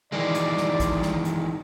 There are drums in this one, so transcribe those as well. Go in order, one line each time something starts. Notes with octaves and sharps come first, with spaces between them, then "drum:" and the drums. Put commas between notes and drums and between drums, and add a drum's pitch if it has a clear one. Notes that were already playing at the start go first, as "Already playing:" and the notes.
D#3 E3 G#3 D5
drum: hi-hat
drum: snare
drum: kick, hi-hat
drum: snare
drum: hi-hat